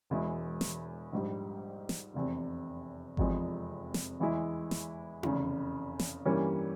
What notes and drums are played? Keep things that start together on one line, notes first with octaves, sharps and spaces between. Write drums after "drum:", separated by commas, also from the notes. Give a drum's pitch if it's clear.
E1 E2 E3 G#3 E4
drum: snare
A#1 G#2 G3
drum: snare
F1 E2 C3
F1 E2 C3 F3 G#3, drum: kick G#1
drum: snare
E2 E3 G#3 E4
drum: snare
F1 E2 C#3, drum: tom D#4
drum: snare
G2 E3 G3 A#3 C#4